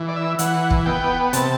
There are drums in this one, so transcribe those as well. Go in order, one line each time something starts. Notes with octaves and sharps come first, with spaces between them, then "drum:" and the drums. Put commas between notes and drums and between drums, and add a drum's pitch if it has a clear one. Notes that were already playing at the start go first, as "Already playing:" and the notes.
Already playing: E3
D5
E5
E3 F#5, drum: hi-hat
drum: kick
B3 G5
C3 A5, drum: hi-hat